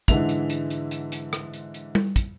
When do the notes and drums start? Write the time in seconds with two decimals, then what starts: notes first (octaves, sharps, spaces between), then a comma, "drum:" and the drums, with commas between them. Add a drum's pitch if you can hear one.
0.08 G#2 D3 E3 G#3 E5 F7, drum: kick, hi-hat
0.29 drum: hi-hat
0.50 drum: hi-hat
0.70 drum: hi-hat
0.91 drum: hi-hat
1.12 drum: hi-hat
1.33 drum: rim click
1.54 drum: hi-hat
1.74 drum: hi-hat
1.95 drum: tom G3
2.16 drum: kick, hi-hat